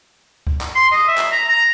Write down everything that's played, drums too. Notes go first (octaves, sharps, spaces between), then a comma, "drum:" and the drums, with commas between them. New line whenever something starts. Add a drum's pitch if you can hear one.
drum: kick
drum: clap
C6
D#5
E5
drum: clap
A#5
A#5